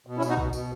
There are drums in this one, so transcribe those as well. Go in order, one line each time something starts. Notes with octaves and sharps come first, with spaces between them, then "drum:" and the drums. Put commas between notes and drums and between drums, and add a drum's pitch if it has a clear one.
B2
C#4 E4
B2, drum: tambourine
D#4 F#4
B2, drum: kick B1
B2, drum: tambourine